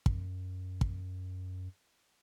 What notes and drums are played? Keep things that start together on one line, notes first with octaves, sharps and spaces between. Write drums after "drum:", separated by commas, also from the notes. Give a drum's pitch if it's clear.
F#2, drum: kick
drum: kick